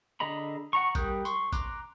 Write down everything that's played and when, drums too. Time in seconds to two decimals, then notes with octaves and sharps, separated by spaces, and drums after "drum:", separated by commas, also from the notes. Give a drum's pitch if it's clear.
0.20 D3 G#4 D#5 A#5 B5
0.73 F#5 A#5 C#6
0.95 G3 A#4 D#6 F#6 G6, drum: kick A1, tambourine
1.25 C6 C#6, drum: tambourine
1.53 A#5 C6 D6 F#6, drum: kick A1, tambourine